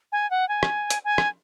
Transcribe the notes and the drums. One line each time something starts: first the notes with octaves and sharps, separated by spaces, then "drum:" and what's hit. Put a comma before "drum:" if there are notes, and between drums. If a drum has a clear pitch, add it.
G#5
F#5
G#5
drum: rim click
drum: hi-hat
G#5
drum: rim click